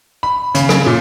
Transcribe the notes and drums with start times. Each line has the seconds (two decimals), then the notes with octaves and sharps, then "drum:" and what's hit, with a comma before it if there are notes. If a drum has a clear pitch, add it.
0.23 B5
0.55 C#3, drum: hi-hat
0.69 drum: rim click
0.86 A#2